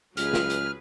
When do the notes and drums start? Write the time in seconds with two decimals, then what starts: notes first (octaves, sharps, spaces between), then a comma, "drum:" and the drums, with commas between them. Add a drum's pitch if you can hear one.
0.17 C#2 F#3 G#4 B4 F6, drum: hi-hat
0.33 drum: snare
0.50 drum: hi-hat